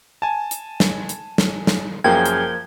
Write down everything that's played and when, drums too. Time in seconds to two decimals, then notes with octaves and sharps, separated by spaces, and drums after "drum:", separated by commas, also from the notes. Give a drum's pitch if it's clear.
0.22 G#5 A5
0.51 drum: hi-hat
0.80 drum: snare
1.09 drum: hi-hat
1.38 drum: snare
1.67 drum: snare
2.04 F#2 F3 A#3 G#4 G5 G#6
2.25 drum: hi-hat